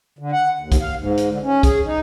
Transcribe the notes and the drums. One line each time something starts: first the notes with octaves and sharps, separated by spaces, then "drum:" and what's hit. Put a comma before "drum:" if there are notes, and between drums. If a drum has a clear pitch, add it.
D3
F#5
D#2
drum: kick B1, hi-hat
F5
G#2
drum: hi-hat
D3
C#4
G#4, drum: kick B1, hi-hat
D#4